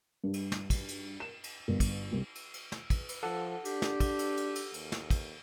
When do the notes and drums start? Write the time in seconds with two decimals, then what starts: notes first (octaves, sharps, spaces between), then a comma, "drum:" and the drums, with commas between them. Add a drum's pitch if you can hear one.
0.24 G2
0.33 drum: cymbal
0.52 drum: snare
0.70 drum: kick, cymbal
0.88 drum: cymbal
1.20 E7
1.44 drum: cymbal
1.68 G1
1.80 drum: kick, cymbal
2.12 C2
2.35 drum: cymbal
2.54 drum: cymbal
2.72 drum: snare
2.90 drum: kick, cymbal
3.09 drum: cymbal
3.23 F3 A4 F#5
3.65 D4 G4, drum: cymbal
3.82 drum: snare
4.00 drum: kick, cymbal
4.19 drum: cymbal
4.37 drum: cymbal
4.55 drum: cymbal
4.74 D#2, drum: cymbal
4.92 drum: snare
5.10 drum: kick, cymbal